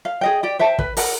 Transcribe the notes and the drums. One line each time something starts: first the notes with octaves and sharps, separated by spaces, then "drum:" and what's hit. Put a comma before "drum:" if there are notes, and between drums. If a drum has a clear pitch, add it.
F5
G#4 D#5 G5
G4 D5 G5
C5 E5 G5 A5
B4, drum: kick
A#4 F#5, drum: open hi-hat